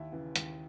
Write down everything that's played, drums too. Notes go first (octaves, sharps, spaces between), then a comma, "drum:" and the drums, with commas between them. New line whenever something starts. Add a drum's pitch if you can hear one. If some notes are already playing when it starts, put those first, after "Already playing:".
Already playing: D#2 E4
C#3 E3
D#2, drum: hi-hat